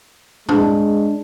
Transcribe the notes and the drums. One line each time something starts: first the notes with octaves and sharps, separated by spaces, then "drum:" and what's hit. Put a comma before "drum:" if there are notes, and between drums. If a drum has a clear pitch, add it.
G#3 D4, drum: tom G#2